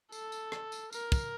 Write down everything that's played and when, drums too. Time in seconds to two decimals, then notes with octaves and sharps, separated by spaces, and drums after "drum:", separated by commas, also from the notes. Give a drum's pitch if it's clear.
0.12 A4, drum: tambourine
0.32 drum: tambourine
0.52 drum: rim click
0.72 drum: tambourine
0.93 A#4, drum: tambourine
1.12 drum: kick, tambourine